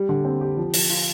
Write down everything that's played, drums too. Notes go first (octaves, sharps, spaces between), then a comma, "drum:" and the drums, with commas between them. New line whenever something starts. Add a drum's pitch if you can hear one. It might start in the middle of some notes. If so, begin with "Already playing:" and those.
Already playing: G3
D3
C4
G4
F3
F3, drum: open hi-hat
F4